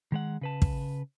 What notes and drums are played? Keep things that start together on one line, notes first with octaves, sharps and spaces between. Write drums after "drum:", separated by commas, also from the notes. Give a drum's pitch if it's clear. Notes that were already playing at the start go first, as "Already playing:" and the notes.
D#3 G#3 F#5
C#3 B4 A5
drum: kick